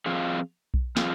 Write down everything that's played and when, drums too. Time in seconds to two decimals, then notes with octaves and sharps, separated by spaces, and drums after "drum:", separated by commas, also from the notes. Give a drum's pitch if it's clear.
0.06 F3 C4 F4 G#4 F5
0.74 drum: kick B1
0.97 F3 C4 F4 G#4 F5, drum: snare